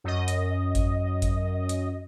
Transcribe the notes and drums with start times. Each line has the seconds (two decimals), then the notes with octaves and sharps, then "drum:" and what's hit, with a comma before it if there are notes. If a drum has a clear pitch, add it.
0.04 F#2 D#5
0.28 drum: hi-hat
0.75 drum: kick G#1, hi-hat
1.22 drum: kick G#1, hi-hat
1.69 drum: hi-hat